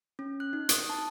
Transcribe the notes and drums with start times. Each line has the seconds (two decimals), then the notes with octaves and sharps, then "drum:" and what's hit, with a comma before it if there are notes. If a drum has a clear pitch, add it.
0.19 C#4
0.40 F#6
0.53 D#4
0.69 D#6, drum: hi-hat
0.90 A5